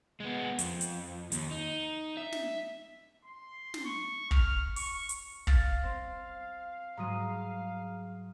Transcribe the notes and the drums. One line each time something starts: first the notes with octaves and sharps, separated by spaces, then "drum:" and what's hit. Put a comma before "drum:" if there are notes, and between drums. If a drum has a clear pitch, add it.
G#3 B3
F2, drum: hi-hat
drum: hi-hat
D#2, drum: hi-hat
D#4
E5
drum: snare
C6
drum: snare
C#6
F6, drum: kick
C#6, drum: open hi-hat
drum: hi-hat
F5 F6 A6, drum: kick
C4
G#2 F#3 G#3 A#5 D#6 D#7